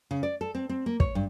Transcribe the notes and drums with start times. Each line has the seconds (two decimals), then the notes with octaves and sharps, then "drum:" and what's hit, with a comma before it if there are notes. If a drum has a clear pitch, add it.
0.11 C#3
0.23 D5
0.41 A4
0.55 C4
0.69 C4
0.86 A#3
1.00 C#5, drum: kick
1.15 G2